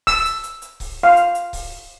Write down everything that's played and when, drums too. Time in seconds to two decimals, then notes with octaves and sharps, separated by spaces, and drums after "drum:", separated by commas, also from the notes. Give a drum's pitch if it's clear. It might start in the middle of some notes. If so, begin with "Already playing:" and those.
0.07 E6, drum: kick C#1, open hi-hat
0.25 drum: hi-hat
0.44 drum: hi-hat
0.62 drum: hi-hat
0.80 drum: kick C#1, open hi-hat
1.03 F5
1.16 drum: hi-hat
1.35 drum: hi-hat
1.53 drum: kick C#1, open hi-hat